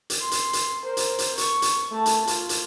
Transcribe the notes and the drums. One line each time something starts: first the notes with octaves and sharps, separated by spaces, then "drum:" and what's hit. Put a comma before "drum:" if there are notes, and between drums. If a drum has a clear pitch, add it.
drum: hi-hat
C6
drum: hi-hat
drum: hi-hat
A#4 C5
drum: hi-hat
drum: hi-hat
C#6, drum: hi-hat
drum: hi-hat
A3 A5
drum: hi-hat
F4, drum: hi-hat
drum: hi-hat